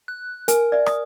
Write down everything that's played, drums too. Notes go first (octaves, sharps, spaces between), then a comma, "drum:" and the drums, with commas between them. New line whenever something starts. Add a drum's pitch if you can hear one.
F#6
A#4 G#5, drum: hi-hat
D5 E5
D#6, drum: rim click